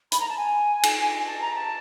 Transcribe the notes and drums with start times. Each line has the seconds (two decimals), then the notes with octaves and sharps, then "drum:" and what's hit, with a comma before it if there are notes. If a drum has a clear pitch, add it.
0.12 B5, drum: hi-hat
0.20 A#5
0.28 A5
0.37 G#5
0.83 drum: cymbal
1.26 A5
1.41 A#5
1.54 A5